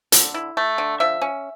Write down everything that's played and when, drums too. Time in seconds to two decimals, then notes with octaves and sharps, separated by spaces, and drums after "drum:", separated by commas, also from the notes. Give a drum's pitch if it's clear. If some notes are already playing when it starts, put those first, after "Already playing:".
0.12 D3, drum: hi-hat
0.34 E4
0.57 A3
0.78 D3
1.00 F3 E5
1.22 C#4